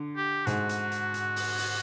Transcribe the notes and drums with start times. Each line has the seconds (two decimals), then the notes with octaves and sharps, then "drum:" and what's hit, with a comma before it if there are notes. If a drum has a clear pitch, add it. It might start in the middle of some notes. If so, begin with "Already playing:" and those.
Already playing: D3
0.17 G4
0.47 G#2 F#4, drum: hi-hat
0.69 drum: hi-hat
0.92 drum: hi-hat
1.14 drum: hi-hat
1.36 drum: open hi-hat
1.59 drum: open hi-hat